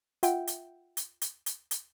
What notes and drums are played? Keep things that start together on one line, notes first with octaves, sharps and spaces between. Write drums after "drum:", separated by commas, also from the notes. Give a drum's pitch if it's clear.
F4 E5 F#5 G5, drum: hi-hat
drum: hi-hat
drum: hi-hat
drum: hi-hat
drum: hi-hat
drum: hi-hat